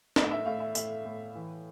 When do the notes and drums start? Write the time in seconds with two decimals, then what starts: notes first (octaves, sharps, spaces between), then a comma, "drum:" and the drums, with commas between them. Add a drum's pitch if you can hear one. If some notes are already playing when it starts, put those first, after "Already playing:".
0.16 A2 D5, drum: snare
0.31 E5
0.45 A2 F5
0.60 E5
0.75 A2 E5, drum: tambourine
1.05 A2
1.35 E3